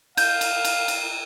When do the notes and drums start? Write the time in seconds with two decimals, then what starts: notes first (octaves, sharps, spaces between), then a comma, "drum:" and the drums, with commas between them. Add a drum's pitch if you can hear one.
0.17 F5 G6, drum: cymbal
0.41 drum: cymbal
0.65 drum: cymbal
0.88 drum: cymbal